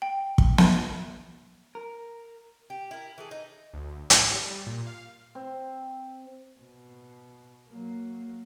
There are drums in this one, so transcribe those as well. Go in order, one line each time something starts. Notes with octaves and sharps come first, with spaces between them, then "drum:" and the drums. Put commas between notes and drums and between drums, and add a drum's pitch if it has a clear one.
G5
drum: kick
drum: snare
A#4
G4
E4 A#4
E3 A3 G#4
D#4
D2
A2, drum: hi-hat
G3
A#2
F5
C4
B2
F#3 A#3